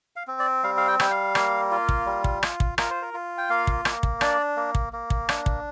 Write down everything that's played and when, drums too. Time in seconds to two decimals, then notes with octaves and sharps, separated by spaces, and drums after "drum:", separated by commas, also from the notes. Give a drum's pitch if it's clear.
0.16 F5
0.27 C4
0.39 D5
0.63 G3 F5
0.77 F5
0.88 G5
1.00 G3 G5, drum: rim click
1.11 F5
1.35 A#3, drum: rim click
1.71 F4
1.89 drum: kick
2.06 G3
2.24 drum: kick
2.43 F4, drum: rim click
2.60 drum: kick
2.78 F4 A#4, drum: rim click
2.90 C5
3.02 A#4
3.14 F4
3.38 G5
3.50 A#3 F5
3.67 drum: kick
3.85 A#3, drum: rim click
4.03 drum: kick
4.21 D4 D5, drum: rim click
4.57 A#3
4.75 drum: kick
4.93 A#3
5.10 drum: kick
5.29 D4, drum: rim click
5.46 drum: kick